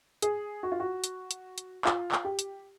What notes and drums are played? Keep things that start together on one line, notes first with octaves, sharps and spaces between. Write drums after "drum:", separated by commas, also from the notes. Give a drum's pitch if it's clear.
G#4, drum: hi-hat
F#4
F4
F#4
drum: hi-hat
drum: hi-hat
drum: hi-hat
F4, drum: clap
drum: clap
G4
drum: hi-hat